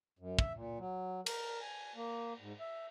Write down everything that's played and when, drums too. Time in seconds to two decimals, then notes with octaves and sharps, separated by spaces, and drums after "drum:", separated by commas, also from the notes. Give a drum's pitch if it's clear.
0.19 F#2
0.39 E5, drum: kick
0.54 A#2
0.79 F#3
1.26 A#4, drum: cymbal
1.61 G#5
1.95 A#3
2.40 G#2
2.60 E5